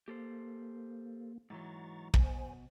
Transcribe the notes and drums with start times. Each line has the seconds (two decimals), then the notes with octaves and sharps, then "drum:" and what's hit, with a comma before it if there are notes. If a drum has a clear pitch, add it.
0.08 A#3 G4 A4 C5
1.50 G#2 E3 F#3 A#5 C#6 A6
2.14 B2 C5 G#5, drum: kick